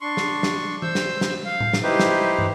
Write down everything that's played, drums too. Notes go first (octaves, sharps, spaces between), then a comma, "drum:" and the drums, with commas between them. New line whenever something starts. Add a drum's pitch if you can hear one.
D4 C6 C#6
drum: snare
drum: snare
C5 E6 G6, drum: tom
drum: snare
drum: snare
F5
drum: tom A2
drum: snare
D#4 E4 G4 B4 C5
drum: snare
drum: tom